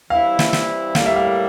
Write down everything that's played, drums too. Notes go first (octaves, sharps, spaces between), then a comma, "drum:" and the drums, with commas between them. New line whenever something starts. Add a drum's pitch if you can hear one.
E3 G3 C4 E4 F5
drum: snare
drum: snare
A2 G3 A#3 F5, drum: snare
E5
F5
F5